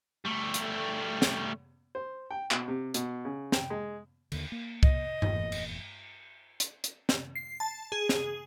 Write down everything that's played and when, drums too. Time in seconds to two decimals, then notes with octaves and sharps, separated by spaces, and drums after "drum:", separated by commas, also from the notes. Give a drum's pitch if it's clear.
0.25 G3 A3
0.54 drum: hi-hat
1.22 drum: snare
1.95 C5
2.31 G5
2.51 B2, drum: clap
2.68 C3
2.94 B2, drum: hi-hat
3.25 C#3
3.52 G5, drum: snare
3.70 G#3
4.32 D#2 D3, drum: cymbal
4.52 A#3
4.83 D#5, drum: kick C2
5.22 F1 E2 A#2, drum: tom G2
5.52 drum: cymbal
6.60 drum: hi-hat
6.84 drum: hi-hat
7.09 drum: snare
7.35 C7
7.60 A5
7.92 G#4
8.09 drum: snare